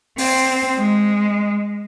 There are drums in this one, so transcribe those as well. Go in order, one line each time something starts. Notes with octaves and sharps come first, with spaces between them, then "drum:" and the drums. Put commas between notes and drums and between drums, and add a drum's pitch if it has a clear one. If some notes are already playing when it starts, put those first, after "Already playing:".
C4, drum: open hi-hat
G#3